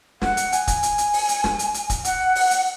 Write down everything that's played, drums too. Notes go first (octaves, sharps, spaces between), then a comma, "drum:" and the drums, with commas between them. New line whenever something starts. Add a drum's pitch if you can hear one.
F#5, drum: snare
drum: hi-hat
G#5, drum: hi-hat
drum: kick, hi-hat
drum: hi-hat
drum: hi-hat
drum: open hi-hat
drum: hi-hat
drum: snare
drum: hi-hat
drum: hi-hat
drum: kick, hi-hat
F#5, drum: hi-hat
drum: open hi-hat
drum: hi-hat